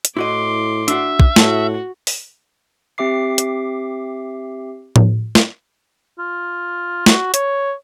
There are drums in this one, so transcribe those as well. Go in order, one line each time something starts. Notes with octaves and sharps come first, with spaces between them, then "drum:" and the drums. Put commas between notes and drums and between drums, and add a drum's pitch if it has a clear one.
drum: hi-hat
A2 E4 F#4 D#5 C6 D6
D4 F#4 E5 F#5, drum: hi-hat
drum: kick
A2 F#4 A5, drum: snare
drum: open hi-hat
C4 G4 E5 D6 C7
drum: hi-hat
drum: tom A2
drum: snare
F4
F#4, drum: snare
C#5, drum: hi-hat